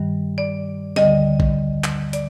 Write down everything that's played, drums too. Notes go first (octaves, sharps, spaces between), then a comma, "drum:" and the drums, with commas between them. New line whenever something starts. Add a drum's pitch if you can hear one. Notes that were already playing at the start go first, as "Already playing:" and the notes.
Already playing: G2 D#3 G3
D5
D2 D3 G3 D#5, drum: snare
drum: kick A#1
drum: clap
D5, drum: hi-hat